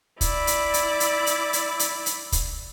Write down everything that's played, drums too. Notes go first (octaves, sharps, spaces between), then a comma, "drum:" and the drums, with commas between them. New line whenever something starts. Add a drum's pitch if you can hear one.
E4 D5, drum: kick, hi-hat
drum: hi-hat
drum: hi-hat
drum: hi-hat
drum: hi-hat
drum: hi-hat
drum: hi-hat
drum: hi-hat
drum: kick, hi-hat